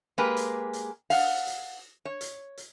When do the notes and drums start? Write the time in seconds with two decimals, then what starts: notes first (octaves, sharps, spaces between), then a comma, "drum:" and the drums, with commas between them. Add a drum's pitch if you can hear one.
0.18 G#3 A#3 G4 G#4 B4
0.37 drum: hi-hat
0.73 drum: hi-hat
1.10 F5 F#5, drum: open hi-hat
1.47 drum: hi-hat
2.05 C#5
2.21 drum: hi-hat
2.57 drum: hi-hat